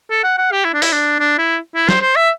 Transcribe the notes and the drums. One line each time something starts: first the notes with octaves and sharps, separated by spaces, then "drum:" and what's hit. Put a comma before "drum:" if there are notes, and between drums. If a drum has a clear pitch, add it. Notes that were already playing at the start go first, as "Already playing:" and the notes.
A4
F#5
F#5
G4
E4
D4
E4, drum: open hi-hat
D4
D4
E4
E4
C5, drum: snare
C5
E5